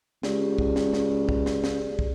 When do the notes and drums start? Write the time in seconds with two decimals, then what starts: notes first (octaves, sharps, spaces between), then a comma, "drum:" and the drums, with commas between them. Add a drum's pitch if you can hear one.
0.23 C#2 G4 G#4 D5, drum: snare
0.58 drum: kick
0.76 drum: snare
0.94 drum: snare
1.29 drum: kick
1.46 drum: snare
1.64 drum: snare
1.99 drum: kick